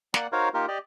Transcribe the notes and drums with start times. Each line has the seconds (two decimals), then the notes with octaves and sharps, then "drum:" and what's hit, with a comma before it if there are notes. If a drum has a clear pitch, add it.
0.14 A#3 D5 F#5, drum: snare
0.32 D#4 F#4 A#4 C5 C#5 F5
0.54 A#3 D#4 F4 G4 A#4
0.68 G4 D5 D#5